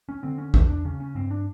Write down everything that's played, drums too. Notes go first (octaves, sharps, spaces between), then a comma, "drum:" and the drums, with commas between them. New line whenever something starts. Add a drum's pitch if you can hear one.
C#4
D3 C4
C#4
E2 D4, drum: kick
D4
C#3 C#4
C#4
G2 C4
D4